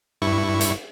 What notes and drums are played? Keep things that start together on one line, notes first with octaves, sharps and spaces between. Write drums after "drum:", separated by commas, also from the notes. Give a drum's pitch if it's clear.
G2 E4 C#6
drum: hi-hat